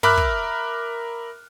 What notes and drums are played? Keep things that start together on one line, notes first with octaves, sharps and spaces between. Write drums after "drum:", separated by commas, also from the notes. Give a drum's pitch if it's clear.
A#4 E5 B5 D6 F6 F#6, drum: tom
drum: kick